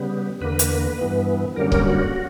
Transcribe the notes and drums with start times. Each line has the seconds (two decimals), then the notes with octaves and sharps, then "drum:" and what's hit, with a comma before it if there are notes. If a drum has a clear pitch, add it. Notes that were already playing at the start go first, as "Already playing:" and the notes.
Already playing: C#3 G3 B3
0.41 E2 D3 A#3 B4
0.59 drum: hi-hat
0.99 G2 E3 B3
1.56 F#2 D3 G3 A#3 C#4 A#4
1.72 A#4, drum: kick C#1
1.85 F#4